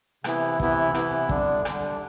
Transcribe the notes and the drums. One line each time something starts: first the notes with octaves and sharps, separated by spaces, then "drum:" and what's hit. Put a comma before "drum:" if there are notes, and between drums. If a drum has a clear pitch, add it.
C3 E3 B3 E4, drum: rim click
C3 E3 B3 E4, drum: kick
C3 E3 B3 E4, drum: rim click
D3 G3 D4, drum: kick
D3 G3 D4, drum: rim click